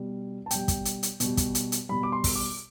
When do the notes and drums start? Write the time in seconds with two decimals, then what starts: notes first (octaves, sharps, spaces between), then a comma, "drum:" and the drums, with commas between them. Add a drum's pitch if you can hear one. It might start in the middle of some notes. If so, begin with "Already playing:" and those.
Already playing: B2 G3
0.46 A5
0.51 B2 G3 G5, drum: hi-hat
0.68 drum: kick, hi-hat
0.85 drum: hi-hat
1.03 drum: hi-hat
1.20 B2 G3, drum: hi-hat
1.37 drum: kick, hi-hat
1.55 drum: hi-hat
1.72 drum: hi-hat
1.89 B2 G3 B5
2.03 D6
2.12 C6
2.24 drum: kick, open hi-hat
2.35 D6